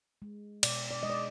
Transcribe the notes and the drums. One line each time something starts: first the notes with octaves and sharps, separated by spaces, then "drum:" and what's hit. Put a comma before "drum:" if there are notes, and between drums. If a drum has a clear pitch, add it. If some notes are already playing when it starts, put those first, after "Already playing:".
G#3
B2 D5, drum: cymbal
D5
G#3 D#5
D5